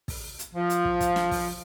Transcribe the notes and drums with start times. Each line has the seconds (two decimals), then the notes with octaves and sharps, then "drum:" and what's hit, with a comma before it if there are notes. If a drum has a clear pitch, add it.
0.08 drum: kick, open hi-hat
0.39 drum: hi-hat
0.54 F3
0.70 drum: hi-hat
0.85 drum: kick
1.00 drum: kick, hi-hat
1.16 drum: snare
1.31 drum: kick, open hi-hat